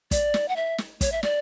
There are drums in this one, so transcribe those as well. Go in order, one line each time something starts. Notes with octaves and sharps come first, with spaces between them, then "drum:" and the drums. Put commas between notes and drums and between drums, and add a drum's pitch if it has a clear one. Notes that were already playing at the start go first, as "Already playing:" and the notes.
D5, drum: kick, hi-hat
drum: snare
F#5
E5
drum: snare
C#5, drum: kick, hi-hat
E5
D5, drum: snare